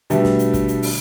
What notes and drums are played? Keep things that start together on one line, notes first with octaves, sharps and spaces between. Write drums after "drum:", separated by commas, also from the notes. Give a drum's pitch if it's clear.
B2 D3 G3 A3, drum: hi-hat
drum: snare
drum: hi-hat
drum: kick, hi-hat
drum: hi-hat
drum: open hi-hat